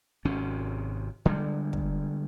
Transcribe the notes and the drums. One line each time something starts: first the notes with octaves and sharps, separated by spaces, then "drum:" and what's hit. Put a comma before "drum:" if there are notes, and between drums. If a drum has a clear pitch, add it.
G#1 C3 C#4
D3 G3 G#3
drum: kick